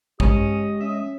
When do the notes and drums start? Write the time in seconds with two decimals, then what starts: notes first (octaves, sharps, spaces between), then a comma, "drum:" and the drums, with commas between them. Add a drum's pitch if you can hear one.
0.20 G#3 C#4 G4 D#5, drum: kick
0.80 C#4 E5